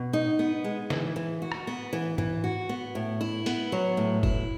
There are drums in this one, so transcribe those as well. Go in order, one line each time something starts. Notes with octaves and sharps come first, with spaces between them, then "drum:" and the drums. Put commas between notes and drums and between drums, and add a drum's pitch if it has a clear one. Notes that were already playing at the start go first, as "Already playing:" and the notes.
Already playing: B2
D#4
B3
G#3
E3, drum: snare
E3
F#4
drum: rim click
B3
E3
E3, drum: tom G#2
F#4
B3
A2
E4
B3, drum: hi-hat
F#3
A2
E4, drum: kick F#1